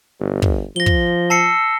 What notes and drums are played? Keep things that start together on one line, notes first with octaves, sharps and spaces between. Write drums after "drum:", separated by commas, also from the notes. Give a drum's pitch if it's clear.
G1
drum: kick
F3 A#6 G7
drum: kick
A5 E6 C7 C#7